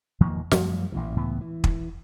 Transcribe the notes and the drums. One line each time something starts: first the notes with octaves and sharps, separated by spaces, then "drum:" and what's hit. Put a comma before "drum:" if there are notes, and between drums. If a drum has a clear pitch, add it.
E2 D#3 F3 A#3
F#2 F3 G3 A3, drum: snare
A1 F#2 A#2 E3
C#2 A2 E3 B3
E3
drum: kick